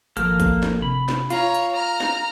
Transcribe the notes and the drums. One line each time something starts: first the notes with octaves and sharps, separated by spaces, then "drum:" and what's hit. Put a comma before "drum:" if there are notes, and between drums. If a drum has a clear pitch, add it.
G#1 F3 A#3 A4 F6, drum: hi-hat
drum: kick A#1, hi-hat
drum: snare
C3 B5
drum: snare
F4 C#5 F5 A#5, drum: hi-hat
drum: hi-hat
A#5 F6
drum: snare